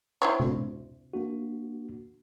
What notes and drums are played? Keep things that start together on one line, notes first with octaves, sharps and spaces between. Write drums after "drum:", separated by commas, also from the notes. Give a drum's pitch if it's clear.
E4 C5 C#5
drum: tom C3
A#3 D4 F#4